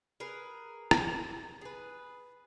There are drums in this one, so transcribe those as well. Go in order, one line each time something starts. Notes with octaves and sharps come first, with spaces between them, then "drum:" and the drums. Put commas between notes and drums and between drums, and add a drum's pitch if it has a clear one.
G#4 A#4 B4
drum: rim click
G#4 B4